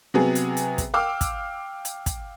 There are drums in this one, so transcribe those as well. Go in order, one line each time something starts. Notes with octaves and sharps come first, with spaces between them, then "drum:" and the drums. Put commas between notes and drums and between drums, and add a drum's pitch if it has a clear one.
C3 F#3 B3 G#4
drum: hi-hat
drum: hi-hat
drum: kick, hi-hat
F5 G5 D6 E6 F6
drum: kick, hi-hat
drum: hi-hat
drum: kick, hi-hat